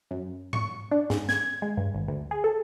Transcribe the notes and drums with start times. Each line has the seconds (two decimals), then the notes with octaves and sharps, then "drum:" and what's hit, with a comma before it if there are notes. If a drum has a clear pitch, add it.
0.11 F#2
0.53 C#6, drum: tom G#2
0.91 D4
1.10 G#2, drum: snare
1.29 G#6, drum: snare
1.62 G#3
1.77 G2
1.94 G#1
2.08 D2
2.31 G#4
2.44 A4